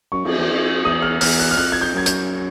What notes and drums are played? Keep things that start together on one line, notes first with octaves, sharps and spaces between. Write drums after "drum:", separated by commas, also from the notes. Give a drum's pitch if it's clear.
F#2 C#6
F2, drum: cymbal
E2
F2
E2 D#6
F6
E2 F6, drum: open hi-hat
F#6
F6
F2 F#6
G#6
G6
F#2 G#6
G6, drum: hi-hat